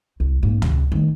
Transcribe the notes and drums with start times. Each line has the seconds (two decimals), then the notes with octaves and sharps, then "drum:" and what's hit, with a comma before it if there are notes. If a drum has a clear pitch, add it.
0.20 C2
0.43 G#2 A#3
0.62 C3 C#4, drum: tom C#2
0.92 D#3 A3